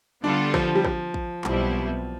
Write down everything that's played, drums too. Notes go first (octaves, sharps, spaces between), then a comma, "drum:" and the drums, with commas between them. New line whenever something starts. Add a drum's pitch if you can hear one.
D3 G3 B3 D4 F4 A4
F3, drum: kick
G3
F3, drum: kick
drum: kick
B1 B2 G3 C4 E4, drum: clap